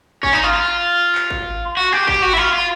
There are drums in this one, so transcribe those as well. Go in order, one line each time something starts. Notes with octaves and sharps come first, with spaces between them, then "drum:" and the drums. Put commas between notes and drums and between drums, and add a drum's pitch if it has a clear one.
C#4, drum: kick G#1
D#4
F4
F4
drum: clap
drum: kick G#1
F#4
G4
G4, drum: kick G#1
F#4
E4
F4
F4